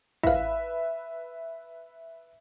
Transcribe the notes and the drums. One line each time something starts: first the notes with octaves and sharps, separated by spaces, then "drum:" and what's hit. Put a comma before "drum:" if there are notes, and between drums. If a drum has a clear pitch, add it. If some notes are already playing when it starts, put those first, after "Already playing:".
E4 B4 E5 F5, drum: kick